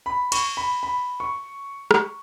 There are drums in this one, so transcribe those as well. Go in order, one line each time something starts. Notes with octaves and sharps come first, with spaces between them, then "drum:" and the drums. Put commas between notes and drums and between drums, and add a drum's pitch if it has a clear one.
B5
C#6, drum: cymbal
B5
B5
C#6
drum: rim click